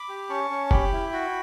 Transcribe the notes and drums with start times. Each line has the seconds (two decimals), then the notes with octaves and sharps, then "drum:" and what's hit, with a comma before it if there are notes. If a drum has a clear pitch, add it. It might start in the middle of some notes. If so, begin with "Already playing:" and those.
Already playing: B5 D6
0.09 G4
0.29 C#4 A5 C#6
0.50 C#4
0.67 C#6
0.71 G4 G5 B5, drum: kick F1
0.92 E4
1.13 F#4